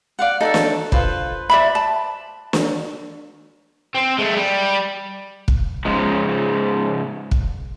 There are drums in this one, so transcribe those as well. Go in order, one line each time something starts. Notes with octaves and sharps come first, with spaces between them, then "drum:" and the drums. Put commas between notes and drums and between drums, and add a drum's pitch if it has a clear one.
D5 F5 F#5
D#4 A4 D5 E5
drum: snare
F4 B4 C5, drum: kick
D5 E5 B5
A5
drum: snare
C4
G#3 A3
G3
drum: kick
G#2 C#3 F3 G#3
drum: kick